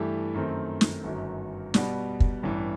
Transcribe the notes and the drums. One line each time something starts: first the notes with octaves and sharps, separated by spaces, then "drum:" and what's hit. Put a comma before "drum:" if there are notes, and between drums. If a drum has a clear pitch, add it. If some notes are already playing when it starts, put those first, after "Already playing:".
Already playing: G2 E3 A3 E4 G4
F#2 D#3 A3 C4
drum: snare
G1 F#2 D#3 F#3
B2 G3 B3, drum: snare
drum: kick
A1 G2 E3